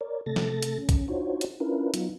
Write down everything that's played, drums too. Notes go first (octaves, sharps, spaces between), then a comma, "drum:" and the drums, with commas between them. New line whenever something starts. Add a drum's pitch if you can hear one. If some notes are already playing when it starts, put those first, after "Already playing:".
A#4 C#5 D5
C3 A3 A4 A6 A#6
drum: snare
drum: hi-hat
C#4
drum: kick B1, hi-hat
D4 D#4 F4 F#4 C5 C#5
drum: hi-hat
C#4 D4 E4 F4 A#4 B4
F#3 B3 D#4 F4, drum: hi-hat